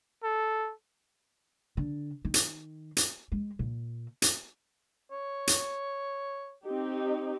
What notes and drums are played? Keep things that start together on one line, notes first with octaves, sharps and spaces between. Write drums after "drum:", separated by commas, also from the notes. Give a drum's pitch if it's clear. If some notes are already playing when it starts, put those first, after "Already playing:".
A4
D3
D#3
drum: hi-hat
drum: hi-hat
G#3
A#2
drum: hi-hat
C#5
drum: hi-hat
C4 D#4 G4